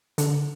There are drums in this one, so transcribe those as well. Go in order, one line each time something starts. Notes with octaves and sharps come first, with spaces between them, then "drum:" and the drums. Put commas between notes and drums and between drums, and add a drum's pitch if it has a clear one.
D3, drum: hi-hat